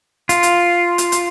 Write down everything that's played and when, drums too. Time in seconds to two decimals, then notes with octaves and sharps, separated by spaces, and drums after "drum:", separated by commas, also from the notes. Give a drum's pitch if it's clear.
0.29 F4, drum: hi-hat
0.43 drum: hi-hat
0.98 drum: hi-hat
1.12 drum: hi-hat